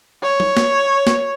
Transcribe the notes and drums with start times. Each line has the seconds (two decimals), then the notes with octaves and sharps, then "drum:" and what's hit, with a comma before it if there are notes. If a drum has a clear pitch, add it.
0.23 C#5
0.40 drum: tom
0.57 drum: snare
1.07 drum: snare